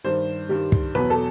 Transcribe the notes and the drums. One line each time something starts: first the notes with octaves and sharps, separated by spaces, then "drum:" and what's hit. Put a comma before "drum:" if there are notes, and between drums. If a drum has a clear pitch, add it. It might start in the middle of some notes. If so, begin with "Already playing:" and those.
G2 D#3 G3 C5
G2 D#3 G3
drum: kick
E2 B2 F#3 B4
A4